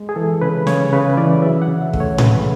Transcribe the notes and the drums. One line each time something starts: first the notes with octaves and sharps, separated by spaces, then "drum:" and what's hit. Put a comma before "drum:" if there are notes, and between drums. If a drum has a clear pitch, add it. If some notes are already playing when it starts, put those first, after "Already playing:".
Already playing: G#3
G#4
E3 A4
C#3 B4
C#3 C#5, drum: snare
C#3 B4
E3 D5
F#3 E5
F#5
C#3
E5
A3, drum: kick
C#5
C#3 B4, drum: tom A2